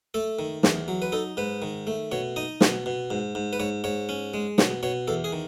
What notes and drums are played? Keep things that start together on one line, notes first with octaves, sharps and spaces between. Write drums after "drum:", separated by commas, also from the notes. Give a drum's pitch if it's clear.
A3 A4
D#3
E2, drum: snare
F#3
B4
D#4 A4
G#2 B4
D#3
A3
B2 C#5
D#4 D#5
B2, drum: snare
B2
G#2
G#2
B4
G#2 C#5
G#2 C#5
C#4
G#3
B2 C#5, drum: snare
B2 C#5
E2 A4
G#4
D#3